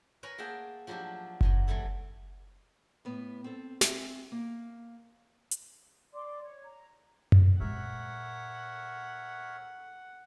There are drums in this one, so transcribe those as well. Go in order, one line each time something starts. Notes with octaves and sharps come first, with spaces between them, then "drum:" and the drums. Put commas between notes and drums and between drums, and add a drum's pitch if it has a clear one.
A#4 B4 C#5 G#5 A#5 B5
A#3 G#4 E5 F#5 G5 A5
F3 F#3 D4 E4 G4
G2 F#3 G#5, drum: kick F#1
E3 F#3 G3 A3 E4 A4
A2 B3
C4 A4
C4 E5 G#5, drum: snare
A#3
drum: hi-hat
D5 C6 D6
C#5
A#5
drum: tom F#2
A#2 G#3 A#4 C#5 E5 F#5